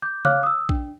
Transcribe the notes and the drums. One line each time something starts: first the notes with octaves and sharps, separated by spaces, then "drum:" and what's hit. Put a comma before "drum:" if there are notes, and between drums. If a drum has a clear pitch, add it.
D6 G6
C#5 F5 D6 F6 F#6, drum: tom C#3
D#6 E6
D4, drum: kick A#1